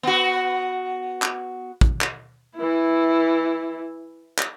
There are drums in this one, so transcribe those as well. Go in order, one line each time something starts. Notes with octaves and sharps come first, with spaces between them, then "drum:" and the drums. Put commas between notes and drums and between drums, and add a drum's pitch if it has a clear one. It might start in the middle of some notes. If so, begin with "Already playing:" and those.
B3 F#4
drum: clap
drum: kick
drum: clap
E3 E4
drum: clap